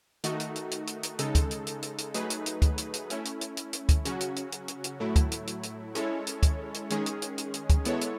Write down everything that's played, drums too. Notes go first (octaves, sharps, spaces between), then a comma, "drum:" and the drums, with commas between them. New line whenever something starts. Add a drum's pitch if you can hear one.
D#3 A3 D#4 F#4, drum: hi-hat
drum: hi-hat
drum: hi-hat
drum: hi-hat
drum: hi-hat
drum: hi-hat
C#3 G#3 D#4 A4, drum: hi-hat
drum: kick, hi-hat
drum: hi-hat
drum: hi-hat
drum: hi-hat
drum: hi-hat
F#3 A3 D#4 G#4 B4, drum: hi-hat
drum: hi-hat
drum: hi-hat
drum: kick, hi-hat
drum: hi-hat
drum: hi-hat
A3 C#4 E4, drum: hi-hat
drum: hi-hat
drum: hi-hat
drum: hi-hat
drum: hi-hat
drum: kick, hi-hat
C#3 F#3 C#4 F#4, drum: hi-hat
drum: hi-hat
drum: hi-hat
drum: hi-hat
drum: hi-hat
drum: hi-hat
A2 F#3 A3 E4
drum: kick, hi-hat
drum: hi-hat
drum: hi-hat
drum: hi-hat
G#3 C#4 E4 A4 C#5, drum: hi-hat
drum: hi-hat
drum: kick, hi-hat
drum: hi-hat
D#3 G#3 C#4 G#4, drum: hi-hat
drum: hi-hat
drum: hi-hat
drum: hi-hat
drum: hi-hat
drum: kick, hi-hat
G#3 B3 E4 A4 C#5, drum: hi-hat
drum: hi-hat